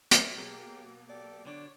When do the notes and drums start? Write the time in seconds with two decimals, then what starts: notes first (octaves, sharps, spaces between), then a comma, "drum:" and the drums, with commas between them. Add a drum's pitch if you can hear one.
0.11 A3 A#3, drum: hi-hat
0.37 B2 F#3 G4 G#4 A#4
1.09 G4 A4 D5
1.46 D3 D4 C#5 D5